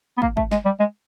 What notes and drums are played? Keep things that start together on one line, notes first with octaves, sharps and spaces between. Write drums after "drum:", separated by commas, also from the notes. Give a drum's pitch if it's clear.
B3
A#3, drum: kick
A3, drum: kick
G#3, drum: snare
G3
G#3